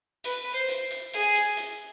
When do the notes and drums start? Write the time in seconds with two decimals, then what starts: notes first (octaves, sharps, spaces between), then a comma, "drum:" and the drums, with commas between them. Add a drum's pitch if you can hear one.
0.24 B4, drum: hi-hat
0.53 C5
0.68 drum: hi-hat
0.91 drum: hi-hat
1.13 G#4, drum: hi-hat
1.35 drum: hi-hat
1.57 drum: hi-hat